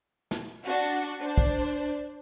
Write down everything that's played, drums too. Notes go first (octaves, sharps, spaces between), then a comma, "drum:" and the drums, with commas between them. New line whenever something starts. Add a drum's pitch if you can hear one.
drum: snare
D4 F#4
D4 C5
drum: kick